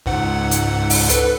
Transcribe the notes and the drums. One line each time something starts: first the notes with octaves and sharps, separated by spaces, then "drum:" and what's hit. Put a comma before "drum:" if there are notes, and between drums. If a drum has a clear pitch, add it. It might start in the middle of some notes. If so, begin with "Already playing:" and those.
C#2 G#2 F#5
drum: hi-hat
drum: open hi-hat
A4 B4, drum: hi-hat